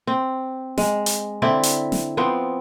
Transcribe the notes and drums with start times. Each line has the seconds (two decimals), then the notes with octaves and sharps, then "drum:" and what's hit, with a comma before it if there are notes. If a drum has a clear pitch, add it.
0.07 C4
0.78 G#3, drum: snare
1.06 drum: hi-hat
1.42 D3 C4 E4 D5
1.63 drum: hi-hat
1.92 drum: snare
2.17 F3 B3 C4